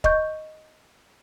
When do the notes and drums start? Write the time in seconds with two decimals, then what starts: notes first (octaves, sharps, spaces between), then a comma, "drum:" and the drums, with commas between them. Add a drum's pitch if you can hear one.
0.04 D#5 C#6 G6, drum: kick